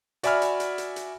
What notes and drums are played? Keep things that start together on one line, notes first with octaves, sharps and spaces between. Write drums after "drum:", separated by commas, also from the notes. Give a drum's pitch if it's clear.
F#4 D5 E5 G#5 B5 F6, drum: hi-hat
drum: hi-hat
drum: hi-hat
drum: hi-hat
drum: hi-hat